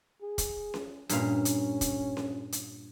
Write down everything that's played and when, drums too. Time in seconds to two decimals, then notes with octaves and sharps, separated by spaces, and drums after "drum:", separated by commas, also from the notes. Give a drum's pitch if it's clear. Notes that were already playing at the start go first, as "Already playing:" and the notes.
0.22 G#4
0.38 drum: kick, hi-hat
0.74 drum: snare C#4
1.09 G2 A#2 C#4 F5, drum: hi-hat
1.45 drum: hi-hat
1.81 drum: kick, hi-hat
2.17 drum: snare C#4
2.52 drum: hi-hat